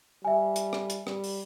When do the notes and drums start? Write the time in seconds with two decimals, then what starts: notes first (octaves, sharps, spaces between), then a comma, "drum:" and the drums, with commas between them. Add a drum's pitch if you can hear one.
0.25 G3 E5 G#5
0.56 drum: hi-hat
0.73 drum: rim click
0.90 drum: hi-hat
1.07 G3, drum: rim click
1.24 drum: open hi-hat